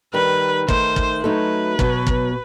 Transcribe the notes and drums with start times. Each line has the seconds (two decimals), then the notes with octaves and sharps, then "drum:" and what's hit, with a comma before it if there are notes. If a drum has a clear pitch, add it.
0.13 D#3 G3 D#4 B4
0.68 D#3 A3 D#4 C5, drum: kick
0.96 drum: kick
1.24 F#3 A3 D#4 A4 B4
1.79 B2 F#3 B3, drum: kick
2.07 drum: kick